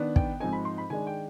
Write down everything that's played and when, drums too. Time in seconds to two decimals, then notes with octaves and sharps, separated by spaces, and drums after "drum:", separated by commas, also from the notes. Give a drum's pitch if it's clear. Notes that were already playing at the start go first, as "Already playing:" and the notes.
Already playing: D#3 B3 D4
0.16 G5, drum: kick
0.40 G#2 F3 C4 D#4 G#5
0.53 B5
0.65 C6
0.78 B5
0.90 D#3 G#3 D4 G#5
1.07 G5